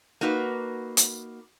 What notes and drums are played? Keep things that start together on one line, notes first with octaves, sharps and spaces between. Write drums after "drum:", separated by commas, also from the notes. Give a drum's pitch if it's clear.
A#3 D#4 F#4 B4
drum: hi-hat